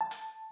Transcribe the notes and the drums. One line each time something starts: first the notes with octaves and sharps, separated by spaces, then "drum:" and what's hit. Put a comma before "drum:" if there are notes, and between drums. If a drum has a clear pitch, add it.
A5
drum: hi-hat